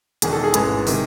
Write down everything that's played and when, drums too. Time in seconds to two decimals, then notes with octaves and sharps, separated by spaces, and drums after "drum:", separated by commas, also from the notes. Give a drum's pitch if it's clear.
0.22 E1 E2 D#3 G#4, drum: hi-hat
0.33 A4
0.44 G#4
0.54 A1 G#2 E3, drum: hi-hat
0.87 C3 D#3, drum: open hi-hat